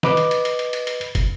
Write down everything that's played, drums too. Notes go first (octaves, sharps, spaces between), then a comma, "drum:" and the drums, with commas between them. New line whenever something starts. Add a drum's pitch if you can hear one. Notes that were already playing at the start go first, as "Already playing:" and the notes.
B4 D#5 B5 D6, drum: snare
drum: hi-hat
drum: hi-hat
drum: hi-hat
drum: hi-hat
drum: hi-hat
drum: hi-hat
drum: hi-hat
drum: kick, hi-hat